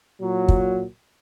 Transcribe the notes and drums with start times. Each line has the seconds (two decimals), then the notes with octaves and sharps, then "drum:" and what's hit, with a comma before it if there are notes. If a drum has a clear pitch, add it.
0.21 A#2 F#3
0.48 drum: kick